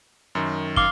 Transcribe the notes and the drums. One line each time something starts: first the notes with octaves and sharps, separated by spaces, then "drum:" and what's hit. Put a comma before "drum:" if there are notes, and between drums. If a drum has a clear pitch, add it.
F#2 D#3
F5 D6 G7, drum: kick